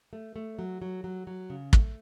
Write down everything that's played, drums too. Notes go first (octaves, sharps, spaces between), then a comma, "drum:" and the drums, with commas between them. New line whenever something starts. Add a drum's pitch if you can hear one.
A3
A3
F#3
F#3
F#3
F#3
C#3
A3, drum: kick